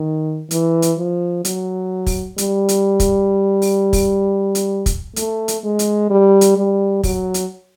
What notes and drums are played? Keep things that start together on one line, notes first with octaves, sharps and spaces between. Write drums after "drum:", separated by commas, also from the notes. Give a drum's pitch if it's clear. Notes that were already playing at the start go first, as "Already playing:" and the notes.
Already playing: D#3
E3, drum: hi-hat
drum: hi-hat
F3
F#3, drum: hi-hat
drum: kick, open hi-hat
G3, drum: hi-hat
drum: hi-hat
drum: kick, hi-hat
drum: open hi-hat
drum: kick, open hi-hat
drum: hi-hat
drum: kick, hi-hat
A3, drum: hi-hat
drum: hi-hat
G#3
drum: hi-hat
G3
drum: hi-hat
G3
F#3, drum: kick, open hi-hat
drum: hi-hat